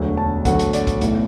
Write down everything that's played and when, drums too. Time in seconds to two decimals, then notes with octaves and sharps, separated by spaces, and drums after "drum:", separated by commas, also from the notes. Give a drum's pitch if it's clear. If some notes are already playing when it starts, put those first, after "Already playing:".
Already playing: E1 D2 D3 F#3
0.17 A5
0.45 D2 D3 F#3 A3 F#5, drum: kick, hi-hat
0.59 drum: hi-hat
0.73 D5, drum: hi-hat
0.87 drum: kick, hi-hat
1.01 B1 A2 E3 A3, drum: hi-hat